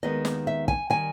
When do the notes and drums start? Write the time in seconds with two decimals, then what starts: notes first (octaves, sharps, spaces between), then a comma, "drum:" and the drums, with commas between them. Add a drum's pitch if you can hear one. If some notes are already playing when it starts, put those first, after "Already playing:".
0.03 D#2 D#3 G#3 B3 D#5
0.25 drum: snare
0.47 E5
0.68 G#5, drum: kick
0.90 D#3 G3 G#5